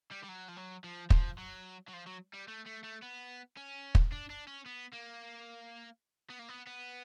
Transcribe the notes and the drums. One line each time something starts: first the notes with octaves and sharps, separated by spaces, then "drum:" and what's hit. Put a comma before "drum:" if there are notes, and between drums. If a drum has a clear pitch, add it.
G3
G3
F#3
F3
F#3
F3
F3, drum: kick
F#3
F#3
F3
F#3
G3
A3
A3
A3
B3
C#4
drum: kick
D4
D4
C#4
B3
A#3
B3
A#3
B3
B3